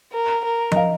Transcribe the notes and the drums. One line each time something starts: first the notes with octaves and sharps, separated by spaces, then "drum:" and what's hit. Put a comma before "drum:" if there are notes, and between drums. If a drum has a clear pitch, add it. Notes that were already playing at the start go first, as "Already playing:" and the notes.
A#4
A#4
D#5, drum: tom F3
F5